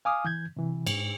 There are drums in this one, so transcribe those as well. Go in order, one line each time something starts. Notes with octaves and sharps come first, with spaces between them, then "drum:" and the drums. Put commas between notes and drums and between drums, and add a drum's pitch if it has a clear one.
F5 G#5 D6 D#6 F6
E3 G6 G#6
C3 E3
G#2, drum: cymbal